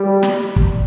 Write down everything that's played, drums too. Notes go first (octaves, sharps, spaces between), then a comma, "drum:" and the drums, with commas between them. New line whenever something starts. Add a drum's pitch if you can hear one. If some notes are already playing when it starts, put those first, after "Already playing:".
Already playing: G3
drum: snare
drum: kick